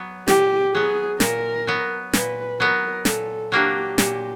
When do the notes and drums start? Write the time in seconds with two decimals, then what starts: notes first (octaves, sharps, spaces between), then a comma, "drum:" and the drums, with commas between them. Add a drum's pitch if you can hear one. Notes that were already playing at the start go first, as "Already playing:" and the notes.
Already playing: F#3 B3
0.28 A#2 G4, drum: snare
0.74 F#3 B3 G#4
1.20 A#2 A#4, drum: snare
1.67 F#3 B3
2.13 A#2 B4, drum: snare
2.59 F#3 B3 A#4
3.05 A#2 A4, drum: snare
3.52 F#3 A#3 D4 G4
3.98 A#2 G4, drum: snare